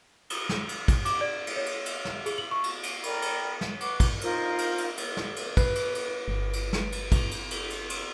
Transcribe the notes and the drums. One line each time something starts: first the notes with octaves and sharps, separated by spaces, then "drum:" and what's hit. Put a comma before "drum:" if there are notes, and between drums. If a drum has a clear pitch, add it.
drum: cymbal
drum: snare
drum: cymbal
drum: kick, cymbal
D6, drum: cymbal
D5
drum: cymbal
C#5
drum: cymbal
drum: cymbal
drum: snare
G#4, drum: cymbal
F#7
C#6
drum: cymbal
drum: cymbal
A#4 D5 G5 B5, drum: cymbal
drum: cymbal
drum: snare
B4 F#5 C#6 D6, drum: cymbal
drum: kick, cymbal
D#4 F4 A#4 C5, drum: cymbal
drum: cymbal
drum: cymbal
drum: cymbal
drum: snare
drum: cymbal
B4, drum: kick, cymbal
drum: cymbal
drum: cymbal
G1
drum: cymbal
drum: snare
drum: cymbal
drum: kick, cymbal
drum: cymbal
drum: cymbal
drum: cymbal
drum: cymbal